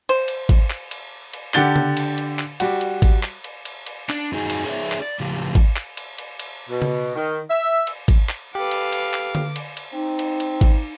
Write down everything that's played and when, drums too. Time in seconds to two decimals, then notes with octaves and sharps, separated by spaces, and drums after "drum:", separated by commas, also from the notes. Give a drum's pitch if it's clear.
0.09 C5, drum: cymbal
0.28 drum: cymbal
0.49 drum: kick G#1, cymbal
0.70 drum: clap
0.91 drum: cymbal
1.33 drum: cymbal
1.54 D3 G4 F#5 A6 G7, drum: clap
1.76 drum: tom C#3
1.97 drum: cymbal
2.18 drum: cymbal
2.39 drum: clap
2.60 G3 F#4, drum: cymbal
2.81 drum: cymbal
3.02 drum: kick G#1, cymbal
3.23 drum: clap
3.44 drum: cymbal
3.65 drum: cymbal
3.87 drum: cymbal
4.09 D4, drum: clap
4.32 F#2 F#3 D#4 G#4
4.50 drum: cymbal
4.65 G#4 C#5 D5 E5
4.92 drum: clap
5.02 D5
5.20 A2 C#3 F3 G4
5.55 drum: kick G#1, cymbal
5.76 drum: clap
5.97 drum: cymbal
6.18 drum: cymbal
6.40 drum: cymbal
6.70 B2
6.82 drum: tom C#3
7.16 D#3
7.50 E5
7.87 drum: cymbal
8.08 drum: kick G#1, cymbal
8.29 drum: clap
8.55 G4 A4 B4 F5 D6
8.71 drum: cymbal
8.93 drum: cymbal
9.14 drum: clap
9.35 drum: tom D3
9.56 drum: cymbal
9.77 drum: cymbal
9.93 C4 D#4
10.19 drum: cymbal
10.40 drum: cymbal
10.61 drum: kick G#1, cymbal